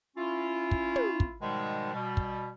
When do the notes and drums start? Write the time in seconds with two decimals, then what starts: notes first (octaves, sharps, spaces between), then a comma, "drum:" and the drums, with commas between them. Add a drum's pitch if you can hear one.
0.16 C#4 E4 F4
0.71 drum: kick
0.96 drum: tom
1.20 drum: kick
1.41 G#2 B2 D#3 F3 G3 G#3
1.93 B2 G3
2.17 drum: kick